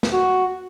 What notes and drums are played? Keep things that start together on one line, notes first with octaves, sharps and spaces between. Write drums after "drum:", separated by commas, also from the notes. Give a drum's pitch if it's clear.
drum: snare
F#4